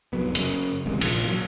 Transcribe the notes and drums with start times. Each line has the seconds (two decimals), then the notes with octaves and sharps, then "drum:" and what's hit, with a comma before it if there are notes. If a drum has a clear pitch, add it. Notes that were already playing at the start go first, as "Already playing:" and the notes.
0.13 F1 C2 F#3 B3
0.35 F#2 C#3, drum: hi-hat
0.86 D1 A1 C3 G#3
1.01 A#1 F3, drum: cymbal
1.25 F3 F#3